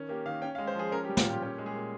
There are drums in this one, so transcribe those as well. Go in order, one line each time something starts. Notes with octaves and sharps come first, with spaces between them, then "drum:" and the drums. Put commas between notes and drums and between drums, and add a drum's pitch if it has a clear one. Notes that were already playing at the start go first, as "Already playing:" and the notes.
Already playing: D#3 C#4
A#3 G4
D#3 F5
C#4 G5
F5
G#3
C5
F3 G#4
C#4 A#4
G4
G3
F4, drum: snare
A#2 G4
C#4 G4
G#3
G#4
A#2